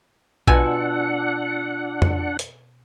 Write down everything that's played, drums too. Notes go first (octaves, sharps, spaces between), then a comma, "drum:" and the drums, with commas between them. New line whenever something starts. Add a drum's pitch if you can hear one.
B2 D4 F4 F#5 G#5 A5 E6, drum: kick A#1
drum: tom F2
drum: hi-hat